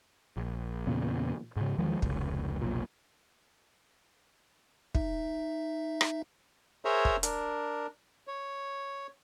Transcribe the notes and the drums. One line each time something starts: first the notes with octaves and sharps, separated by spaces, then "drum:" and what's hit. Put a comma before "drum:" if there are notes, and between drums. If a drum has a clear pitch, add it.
A#1
E2 A#2 C#3 B3
G#2 C#3
E2 D#3 F3 G#3
F1 C#2, drum: kick
F1 B1 A#2
D#4 E5, drum: kick
drum: rim click
G#4 A#4 C5 C#5 E5 A#5
drum: kick
D4 A#4, drum: hi-hat
C#5